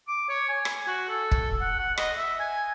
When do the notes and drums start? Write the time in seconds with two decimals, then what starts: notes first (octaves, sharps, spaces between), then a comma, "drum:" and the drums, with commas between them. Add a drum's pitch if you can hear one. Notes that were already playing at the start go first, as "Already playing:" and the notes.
0.08 D6
0.29 C#5
0.49 G#5
0.65 drum: rim click
0.87 F#4
1.09 A4
1.32 drum: kick
1.61 F#5
1.79 F#5
1.97 D#5, drum: rim click
2.18 E5
2.40 G#5